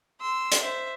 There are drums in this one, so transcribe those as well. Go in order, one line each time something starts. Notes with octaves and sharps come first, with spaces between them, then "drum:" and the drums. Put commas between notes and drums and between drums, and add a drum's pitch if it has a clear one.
C6 E6
drum: hi-hat
C5 E5